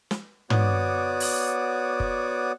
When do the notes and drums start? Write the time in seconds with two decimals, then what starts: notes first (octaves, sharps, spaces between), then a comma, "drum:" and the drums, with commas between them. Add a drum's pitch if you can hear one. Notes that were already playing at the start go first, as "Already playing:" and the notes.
0.11 drum: snare
0.50 B3 F#4 C#5 D5 D6 D#6, drum: tom
1.20 drum: open hi-hat
2.00 drum: kick